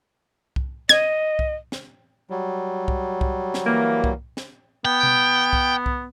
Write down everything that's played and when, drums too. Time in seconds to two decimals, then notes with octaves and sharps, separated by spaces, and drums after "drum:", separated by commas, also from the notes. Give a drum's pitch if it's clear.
0.56 drum: kick C2
0.89 D#5 G#6, drum: snare
1.39 drum: kick C2
1.72 drum: snare
2.30 F#3 G3
2.88 drum: kick C2
3.21 drum: kick C2
3.54 drum: snare
3.66 E3 A#3
4.04 drum: kick C2
4.37 drum: snare
4.85 B3 G5
5.03 drum: tom B2
5.53 drum: kick C2
5.86 drum: kick C2